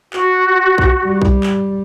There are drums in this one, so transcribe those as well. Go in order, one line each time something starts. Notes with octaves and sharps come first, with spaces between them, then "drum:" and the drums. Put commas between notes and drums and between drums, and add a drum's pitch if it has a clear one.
F#4, drum: clap
drum: kick B1
G3
drum: kick B1
drum: clap